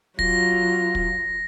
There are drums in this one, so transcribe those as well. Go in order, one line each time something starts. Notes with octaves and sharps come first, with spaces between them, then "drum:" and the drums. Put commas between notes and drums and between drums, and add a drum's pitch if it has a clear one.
F#3 F4 A#6, drum: kick
drum: kick